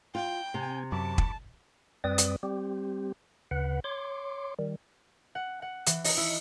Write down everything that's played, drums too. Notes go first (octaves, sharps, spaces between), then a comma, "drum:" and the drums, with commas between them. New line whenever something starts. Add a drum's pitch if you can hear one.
F4 G5
C3 C4 G#5
F#2 A5 B5 C#6 D6
drum: kick
F#2 G3 C4 B4 D5 D#6
drum: hi-hat
G3 C4 G4
D2 C#3 B4 F#5
C#5 C6 D6
D#3 G3
F#5
F#5
E3, drum: hi-hat
D#4, drum: open hi-hat
E4